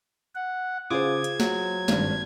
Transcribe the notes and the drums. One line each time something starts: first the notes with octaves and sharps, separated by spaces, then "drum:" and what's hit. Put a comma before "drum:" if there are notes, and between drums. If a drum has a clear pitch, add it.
F#5
C#3 F4 G#4 C5 D6 D#6 G#6
drum: hi-hat
F#3, drum: snare
G#1 G2, drum: snare